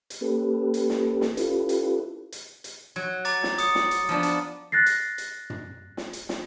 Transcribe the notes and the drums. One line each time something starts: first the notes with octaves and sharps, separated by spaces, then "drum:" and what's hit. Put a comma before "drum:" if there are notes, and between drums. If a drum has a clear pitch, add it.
drum: hi-hat
A#3 C#4 G4 A4 B4
drum: hi-hat
drum: snare
drum: snare
C#4 E4 F4 G4 A4 B4, drum: hi-hat
drum: hi-hat
drum: hi-hat
drum: hi-hat
F#3
A#5 D6 A6, drum: hi-hat
drum: snare
D#6 C#7, drum: hi-hat
drum: snare
drum: hi-hat
F3 B3 D4
drum: hi-hat
F#6 A6 A#6 C7
drum: hi-hat
drum: hi-hat
drum: tom
drum: snare
drum: hi-hat
drum: snare